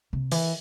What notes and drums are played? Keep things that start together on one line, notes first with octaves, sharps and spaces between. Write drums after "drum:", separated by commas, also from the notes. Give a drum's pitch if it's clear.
C3
E3, drum: open hi-hat